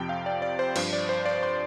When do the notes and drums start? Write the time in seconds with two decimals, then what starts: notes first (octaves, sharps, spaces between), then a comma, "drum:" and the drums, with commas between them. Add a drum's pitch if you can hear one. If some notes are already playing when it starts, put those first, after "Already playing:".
Already playing: F2 C3 F3 G5
0.09 F5
0.26 D5
0.42 D5
0.59 C5
0.76 G2 F3 C5, drum: cymbal
0.93 D5
1.09 C5
1.26 D5
1.43 C6